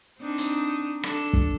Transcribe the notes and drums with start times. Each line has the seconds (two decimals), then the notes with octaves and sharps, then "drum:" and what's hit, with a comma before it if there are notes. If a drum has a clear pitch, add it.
0.19 C4 D4 D#4
0.38 drum: hi-hat
1.03 D4 A4, drum: rim click
1.33 drum: kick